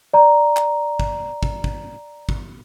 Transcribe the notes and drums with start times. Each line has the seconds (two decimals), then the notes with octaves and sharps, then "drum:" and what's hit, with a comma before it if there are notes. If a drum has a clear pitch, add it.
0.14 D5 A#5
0.57 drum: clap
1.00 drum: kick
1.43 drum: kick
1.64 drum: kick
2.29 drum: kick